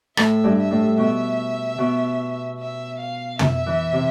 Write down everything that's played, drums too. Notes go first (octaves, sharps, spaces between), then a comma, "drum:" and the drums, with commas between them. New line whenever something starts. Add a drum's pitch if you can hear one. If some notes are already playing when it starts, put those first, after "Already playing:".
A2 E5, drum: rim click
G2
E5
A2
B2 E5
B2
E5
F5
E5, drum: tom
E3
C3